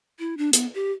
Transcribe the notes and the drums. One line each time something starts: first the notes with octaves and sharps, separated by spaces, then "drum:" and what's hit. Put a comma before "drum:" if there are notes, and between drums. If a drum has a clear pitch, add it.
E4
D4
B3, drum: hi-hat
G4